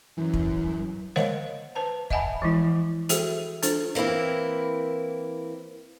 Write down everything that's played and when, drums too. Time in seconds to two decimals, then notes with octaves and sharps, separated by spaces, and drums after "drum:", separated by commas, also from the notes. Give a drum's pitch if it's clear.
0.18 F#2 E3
0.34 drum: kick
1.16 A#4 C5 C#5 D#5 F5 F#5, drum: snare G#3
1.75 B4 C5 A5 A#5
2.10 D#5 E5 F#5 G#5 A5 B5, drum: kick
2.42 E3 F3 G#3 E4
3.09 F#4 G#4 A4 C5 E5 G5, drum: hi-hat
3.62 D4 F4 A4 C5, drum: hi-hat
3.95 E3 A#3 C4 E4 A#4